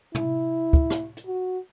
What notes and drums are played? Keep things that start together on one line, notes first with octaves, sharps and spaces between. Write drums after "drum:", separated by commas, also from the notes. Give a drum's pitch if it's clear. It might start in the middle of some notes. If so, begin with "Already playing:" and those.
E4, drum: tom
drum: kick
drum: rim click
drum: hi-hat
F#4